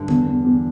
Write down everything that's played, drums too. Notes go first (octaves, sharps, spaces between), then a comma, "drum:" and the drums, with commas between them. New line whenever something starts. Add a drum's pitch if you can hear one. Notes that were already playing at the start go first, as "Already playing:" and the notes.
Already playing: G2 D3
E2, drum: tom D3
E2
E2